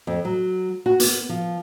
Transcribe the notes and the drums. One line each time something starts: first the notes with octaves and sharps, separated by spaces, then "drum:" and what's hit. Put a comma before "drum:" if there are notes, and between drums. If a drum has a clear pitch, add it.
F2
F#3
F#4
B3, drum: hi-hat
F3